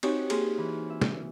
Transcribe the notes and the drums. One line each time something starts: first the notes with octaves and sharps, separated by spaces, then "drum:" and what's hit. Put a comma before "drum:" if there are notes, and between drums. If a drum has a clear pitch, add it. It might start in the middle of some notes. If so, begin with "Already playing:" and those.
C4 D#4 F#4 G4 C#5 G#5, drum: cymbal
A#3 G#4 C6, drum: cymbal
E3
E5
drum: snare